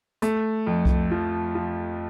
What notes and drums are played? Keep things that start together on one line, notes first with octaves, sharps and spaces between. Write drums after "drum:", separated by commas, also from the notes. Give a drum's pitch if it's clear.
A3, drum: hi-hat
F2
drum: kick C2
F3
F3